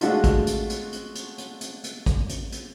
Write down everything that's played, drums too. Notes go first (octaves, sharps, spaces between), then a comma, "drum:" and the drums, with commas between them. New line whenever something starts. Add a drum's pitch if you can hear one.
G#3 A3 D4 F4 F#4, drum: hi-hat
drum: kick, hi-hat
drum: hi-hat
drum: hi-hat
drum: hi-hat
drum: hi-hat
drum: hi-hat
drum: hi-hat
drum: hi-hat
drum: kick, hi-hat
drum: hi-hat
drum: hi-hat